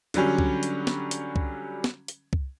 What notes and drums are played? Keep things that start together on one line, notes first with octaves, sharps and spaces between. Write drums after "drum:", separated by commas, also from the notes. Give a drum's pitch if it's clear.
D3 F#3 G3 C#4, drum: hi-hat
drum: kick C2
drum: hi-hat
drum: snare
drum: hi-hat
drum: kick C2
drum: snare
drum: hi-hat
drum: kick C2